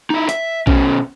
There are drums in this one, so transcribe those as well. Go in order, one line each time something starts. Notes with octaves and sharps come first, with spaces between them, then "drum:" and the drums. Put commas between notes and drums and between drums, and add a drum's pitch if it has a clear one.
D#4 E4
E5, drum: hi-hat
B2 C#4, drum: kick A#1